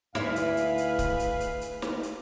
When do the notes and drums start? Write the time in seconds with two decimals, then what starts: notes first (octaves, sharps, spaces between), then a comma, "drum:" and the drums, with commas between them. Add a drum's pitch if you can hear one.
0.15 D2 E4 G#4 B4 F5, drum: snare
0.36 drum: hi-hat
0.57 drum: hi-hat
0.78 drum: hi-hat
0.99 drum: kick D1, hi-hat
1.20 drum: hi-hat
1.40 drum: hi-hat
1.61 drum: hi-hat
1.82 drum: snare
2.03 drum: hi-hat